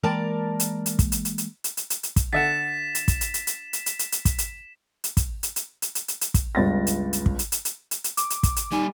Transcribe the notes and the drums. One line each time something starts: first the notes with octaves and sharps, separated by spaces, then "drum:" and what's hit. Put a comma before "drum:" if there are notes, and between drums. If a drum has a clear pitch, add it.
E3 G#3 A#3 A#4 D5 A5
drum: hi-hat
drum: hi-hat
drum: kick, hi-hat
drum: hi-hat
drum: hi-hat
drum: hi-hat
drum: hi-hat
drum: hi-hat
drum: hi-hat
drum: hi-hat
drum: kick, hi-hat
D3 E5 F#5 A6 B6 E7
drum: hi-hat
drum: kick, hi-hat
drum: hi-hat
drum: hi-hat
drum: hi-hat
drum: hi-hat
drum: hi-hat
drum: hi-hat
drum: hi-hat
drum: kick, hi-hat
drum: hi-hat
drum: hi-hat
drum: kick, hi-hat
drum: hi-hat
drum: hi-hat
drum: hi-hat
drum: hi-hat
drum: hi-hat
drum: hi-hat
drum: kick, hi-hat
G1 C#2 A6 A#6
drum: hi-hat
drum: hi-hat
drum: kick
drum: hi-hat
drum: hi-hat
drum: hi-hat
drum: hi-hat
drum: hi-hat
D6, drum: hi-hat
drum: hi-hat
drum: kick, hi-hat
drum: hi-hat
G3 D#4 G#5